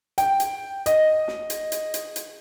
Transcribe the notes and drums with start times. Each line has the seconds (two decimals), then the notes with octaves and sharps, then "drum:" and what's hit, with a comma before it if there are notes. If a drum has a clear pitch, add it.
0.18 G5, drum: hi-hat
0.40 drum: hi-hat
0.86 D#5, drum: hi-hat
1.28 drum: snare
1.50 drum: hi-hat
1.72 drum: hi-hat
1.94 drum: hi-hat
2.16 drum: hi-hat